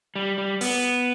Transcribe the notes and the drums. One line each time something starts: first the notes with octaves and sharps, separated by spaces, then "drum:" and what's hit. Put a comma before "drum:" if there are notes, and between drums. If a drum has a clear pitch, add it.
G3
G3
B3, drum: open hi-hat